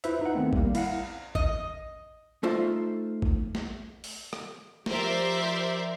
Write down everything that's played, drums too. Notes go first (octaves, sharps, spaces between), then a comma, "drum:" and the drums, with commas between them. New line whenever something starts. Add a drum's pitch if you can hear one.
E4 F4 B4 C5 E5, drum: hi-hat
D#4 B4 F#5
D#3 A3 B3 C4
G3 A#3, drum: kick
E4 F5 F#5, drum: cymbal
D#5, drum: kick
A3 D#4 F4 A4 C5 E5
drum: kick
drum: snare
drum: open hi-hat
drum: rim click
F3 G4 A#4 C5 D5 E5, drum: snare